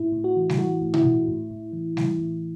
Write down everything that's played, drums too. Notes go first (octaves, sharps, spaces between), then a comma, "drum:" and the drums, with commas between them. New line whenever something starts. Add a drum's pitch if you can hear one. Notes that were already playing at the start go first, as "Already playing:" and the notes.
Already playing: A2 E4
A2
F#4
E3
drum: snare
E3 F#4
A2
E4, drum: tom B2
A2
A2
A2
E3
E3, drum: snare
A2